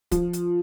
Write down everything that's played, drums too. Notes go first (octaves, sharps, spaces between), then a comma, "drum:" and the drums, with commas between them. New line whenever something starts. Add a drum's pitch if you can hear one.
F3, drum: kick C#1, hi-hat
drum: hi-hat